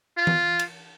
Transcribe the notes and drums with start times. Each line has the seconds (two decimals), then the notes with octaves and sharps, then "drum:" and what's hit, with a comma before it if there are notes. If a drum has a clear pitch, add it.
0.18 F4
0.27 drum: tom E3
0.59 drum: cymbal